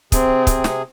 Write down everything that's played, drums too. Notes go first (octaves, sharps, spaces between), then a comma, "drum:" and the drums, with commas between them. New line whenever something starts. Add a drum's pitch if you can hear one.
C3 C4 G#4, drum: kick, hi-hat
drum: kick, hi-hat
drum: snare